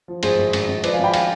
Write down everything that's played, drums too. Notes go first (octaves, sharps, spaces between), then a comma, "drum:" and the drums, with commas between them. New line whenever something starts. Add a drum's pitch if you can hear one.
F3
G#1 G#4 C5, drum: cymbal
G#1
G#1, drum: cymbal
G#1
F3 B4 D5, drum: cymbal
F5 G#5
G#1
G5 B5
F5 G#5, drum: cymbal